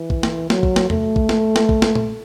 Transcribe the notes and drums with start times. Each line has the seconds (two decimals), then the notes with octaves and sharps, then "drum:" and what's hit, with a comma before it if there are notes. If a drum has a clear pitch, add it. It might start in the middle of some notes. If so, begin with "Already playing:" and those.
Already playing: E3
0.10 drum: kick
0.23 drum: snare
0.50 F#3, drum: snare
0.63 drum: kick
0.76 drum: snare
0.90 A3, drum: tom E2
1.16 drum: kick
1.29 drum: snare
1.56 drum: snare
1.69 drum: kick
1.82 drum: snare
1.95 drum: tom A#2